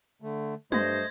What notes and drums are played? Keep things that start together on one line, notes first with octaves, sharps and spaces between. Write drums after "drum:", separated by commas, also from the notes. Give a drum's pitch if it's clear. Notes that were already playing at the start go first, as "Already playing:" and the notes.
D3 A3
G2 A3 C5 D#5 G#6 A#6, drum: tom